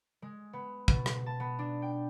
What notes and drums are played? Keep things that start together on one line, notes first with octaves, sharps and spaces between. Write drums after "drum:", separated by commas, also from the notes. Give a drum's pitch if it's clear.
G#3
B3
B2, drum: kick
drum: rim click
A5
B3
D4
G5